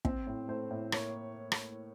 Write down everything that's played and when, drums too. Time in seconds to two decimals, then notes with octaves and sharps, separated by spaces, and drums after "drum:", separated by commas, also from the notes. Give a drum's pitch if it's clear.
0.05 C4 C5, drum: kick
0.27 A2
0.48 A3 C5
0.71 A2
0.92 A#3 C#5, drum: rim click
1.52 drum: rim click